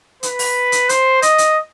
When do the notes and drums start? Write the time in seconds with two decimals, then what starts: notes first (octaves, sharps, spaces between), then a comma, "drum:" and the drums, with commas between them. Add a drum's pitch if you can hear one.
0.23 B4, drum: hi-hat
0.39 drum: open hi-hat
0.72 drum: hi-hat
0.89 C5, drum: hi-hat
1.22 D#5, drum: hi-hat
1.38 drum: hi-hat